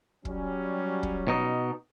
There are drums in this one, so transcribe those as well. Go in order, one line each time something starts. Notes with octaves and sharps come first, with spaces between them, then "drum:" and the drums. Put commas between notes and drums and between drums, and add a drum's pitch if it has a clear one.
F#3 G3 C#4, drum: kick
drum: kick
B2 D#4